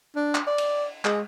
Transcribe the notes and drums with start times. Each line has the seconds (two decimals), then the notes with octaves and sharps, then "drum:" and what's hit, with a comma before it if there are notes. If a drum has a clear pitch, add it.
0.16 D4
0.35 drum: clap
0.47 D5
0.58 drum: cymbal
1.05 G#3, drum: clap